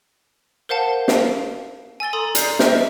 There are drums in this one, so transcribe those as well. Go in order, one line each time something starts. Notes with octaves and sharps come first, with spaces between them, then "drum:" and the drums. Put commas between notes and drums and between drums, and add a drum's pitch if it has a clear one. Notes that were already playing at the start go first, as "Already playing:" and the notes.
A#4 C5 F5 F#5 A5
F5, drum: snare
G#5 E6 A6 G7
A4 A#5 C6 D#6
D5 A#5 G6 C7, drum: hi-hat
B4 D#5 E5 F6 G6, drum: snare